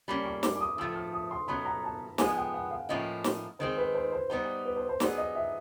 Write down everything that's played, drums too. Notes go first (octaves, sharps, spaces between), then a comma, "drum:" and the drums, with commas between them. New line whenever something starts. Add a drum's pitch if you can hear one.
G3 A#3 C#4 B5
C#6
D6, drum: snare
D6
D#6
A2 F3 A3 E6
F6
D#6
C6
B2 F#3 A3 C#4 B5
A#5
A5
A2 F3 G#3 B3 G#5, drum: snare
G5
F#5
F5
A2 F3 A#3 C#4 E4 D#5
drum: snare
D#3 G#3 C4 C5
B4
C5
C5
G3 B3 D#4 G4 C5
B4
C5
C5
F#3 B3 D#4 G#4 D5, drum: snare
D#5
E5